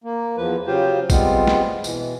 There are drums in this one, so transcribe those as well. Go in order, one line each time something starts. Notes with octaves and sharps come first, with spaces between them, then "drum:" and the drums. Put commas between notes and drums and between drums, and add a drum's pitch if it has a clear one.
A#3
E2 F3 B4
C#3 F#3 F4 G4 C5
G3 G#3 B3 C4 F4, drum: kick, tambourine
drum: snare
B2 E3, drum: tambourine